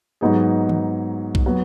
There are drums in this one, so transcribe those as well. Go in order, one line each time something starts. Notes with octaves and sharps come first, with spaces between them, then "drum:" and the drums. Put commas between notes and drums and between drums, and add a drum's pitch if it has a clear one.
G#2 F#3 B3 D#4 G#4
drum: tom D#3
drum: kick B1
F#3 B3